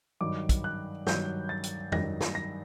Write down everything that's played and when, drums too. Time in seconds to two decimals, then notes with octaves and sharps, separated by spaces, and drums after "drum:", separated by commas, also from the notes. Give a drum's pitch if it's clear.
0.21 G2 D#3 F#3 D6
0.49 drum: kick, hi-hat
0.64 F#6
1.07 G2 D#3 F#3 G6, drum: snare
1.49 A6
1.63 drum: hi-hat
1.92 G2 D#3 F#3 A#6, drum: tom F2
2.21 drum: snare
2.35 A#6